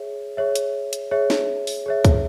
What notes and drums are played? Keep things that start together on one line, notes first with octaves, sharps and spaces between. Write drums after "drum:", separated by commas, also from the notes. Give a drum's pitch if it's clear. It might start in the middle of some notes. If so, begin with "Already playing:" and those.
Already playing: G#4 C#5 E5
G#4 C#5 E5
drum: hi-hat
drum: hi-hat
G#4 C#5 E5
drum: snare
drum: open hi-hat
G#4 C#5 E5
drum: kick, hi-hat